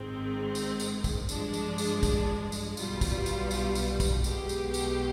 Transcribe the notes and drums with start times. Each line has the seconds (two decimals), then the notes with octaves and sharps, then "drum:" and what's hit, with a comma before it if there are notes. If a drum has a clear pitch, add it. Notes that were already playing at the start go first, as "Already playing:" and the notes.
Already playing: G#1 G#2 D#3 G#3 C4
0.55 drum: tambourine
0.80 drum: tambourine
1.04 drum: kick, tambourine
1.29 G2 F3 G#3 D4, drum: tambourine
1.54 drum: tambourine
1.78 drum: tambourine
2.03 drum: kick, tambourine
2.52 drum: tambourine
2.77 B1 B2 G3 F4, drum: tambourine
3.01 drum: kick, tambourine
3.26 drum: tambourine
3.51 drum: tambourine
3.75 drum: tambourine
4.00 drum: kick, tambourine
4.24 B1 B2 G#3 G4, drum: tambourine
4.49 drum: tambourine
4.74 drum: tambourine